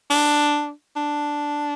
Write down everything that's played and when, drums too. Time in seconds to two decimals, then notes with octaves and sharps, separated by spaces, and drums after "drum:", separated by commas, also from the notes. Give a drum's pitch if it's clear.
0.10 D4, drum: open hi-hat
0.96 D4